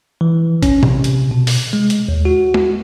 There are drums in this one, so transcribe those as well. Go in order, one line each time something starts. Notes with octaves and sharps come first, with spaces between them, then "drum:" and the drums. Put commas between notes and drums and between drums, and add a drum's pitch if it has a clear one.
E3
C#4, drum: kick A1, hi-hat
C3, drum: tom A2
drum: hi-hat
B2
drum: open hi-hat
G#3
drum: hi-hat
D#2
F#4
drum: tom G#3